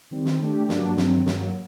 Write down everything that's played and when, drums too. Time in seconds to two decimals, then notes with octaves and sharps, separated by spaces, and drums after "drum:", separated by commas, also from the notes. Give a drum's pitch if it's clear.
0.11 D#3 G3 C4
0.25 drum: snare
0.39 D3 A3 D4 G4
0.69 G2 F#3 A#3 D4 F#4, drum: snare
0.97 G2 D#3 F#3 C4, drum: snare
1.26 G2 F#3 A#3, drum: snare